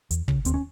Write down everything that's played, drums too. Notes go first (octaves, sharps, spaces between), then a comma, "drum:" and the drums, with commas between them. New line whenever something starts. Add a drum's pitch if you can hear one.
E2, drum: hi-hat
C#3, drum: kick
D#2 C4, drum: hi-hat
C#4